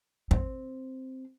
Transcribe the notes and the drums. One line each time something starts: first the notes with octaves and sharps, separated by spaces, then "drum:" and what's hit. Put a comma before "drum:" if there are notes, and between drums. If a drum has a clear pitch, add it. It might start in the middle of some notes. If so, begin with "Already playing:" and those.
C4, drum: kick